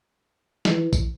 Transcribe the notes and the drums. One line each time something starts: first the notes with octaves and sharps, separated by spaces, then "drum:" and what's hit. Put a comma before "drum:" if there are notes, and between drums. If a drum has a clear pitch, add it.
E3, drum: snare
drum: kick A#1, tambourine